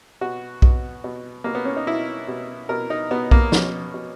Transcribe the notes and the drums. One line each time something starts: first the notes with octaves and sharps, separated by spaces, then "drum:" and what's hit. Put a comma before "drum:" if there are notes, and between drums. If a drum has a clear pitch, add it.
B2 F#4
B2, drum: kick B1
B2
B2 A#3
B3
C#4
D#4
B2 E4
B2
B2 A#4
D#4
B2 B3
A#3, drum: kick B1
B2 C#4, drum: snare
B2